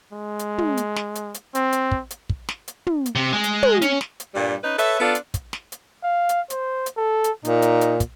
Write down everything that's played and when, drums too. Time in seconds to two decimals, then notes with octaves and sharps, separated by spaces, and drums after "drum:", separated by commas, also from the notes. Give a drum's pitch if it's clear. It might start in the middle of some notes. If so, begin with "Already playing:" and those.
0.12 G#3
0.39 drum: hi-hat
0.58 drum: tom
0.77 drum: hi-hat
0.96 drum: snare
1.15 drum: hi-hat
1.34 drum: hi-hat
1.55 C4, drum: hi-hat
1.72 drum: hi-hat
1.91 drum: kick
2.10 drum: hi-hat
2.30 drum: kick
2.49 drum: snare
2.68 drum: hi-hat
2.87 drum: tom
3.06 drum: hi-hat
3.15 C3
3.33 G#3
3.44 drum: hi-hat
3.63 drum: tom
3.82 C#4, drum: hi-hat
4.01 drum: snare
4.20 drum: hi-hat
4.34 G2 A#2 G3
4.63 C#4 D#4 B4
4.79 A4 B4 C#5 E5, drum: hi-hat
5.00 B3 D4 F4 A4
5.15 drum: hi-hat
5.34 drum: kick, hi-hat
5.53 drum: snare
5.72 drum: hi-hat
6.04 F5
6.29 drum: hi-hat
6.50 C5, drum: hi-hat
6.86 drum: hi-hat
6.97 A4
7.24 drum: hi-hat
7.45 A#2 D#4, drum: hi-hat
7.62 drum: hi-hat
7.81 drum: hi-hat
8.00 drum: kick, hi-hat